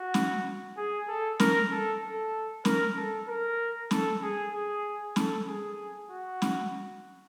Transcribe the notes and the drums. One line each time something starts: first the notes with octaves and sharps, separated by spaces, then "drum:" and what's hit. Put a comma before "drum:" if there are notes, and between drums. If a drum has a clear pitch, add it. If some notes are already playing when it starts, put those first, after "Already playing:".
Already playing: F#4
drum: snare
G#4
A4
A#4, drum: snare
A4
A4
A#4, drum: snare
A4
A#4
A4, drum: snare
G#4
G#4
A4, drum: snare
G#4
F#4
drum: snare